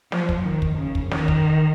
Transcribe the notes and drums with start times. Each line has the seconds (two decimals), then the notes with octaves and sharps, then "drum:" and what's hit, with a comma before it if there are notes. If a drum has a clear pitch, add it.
0.12 F3, drum: snare
0.29 drum: kick
0.46 D#3
0.62 drum: kick
0.78 C#3
0.95 drum: kick
1.11 D#3, drum: snare
1.28 drum: kick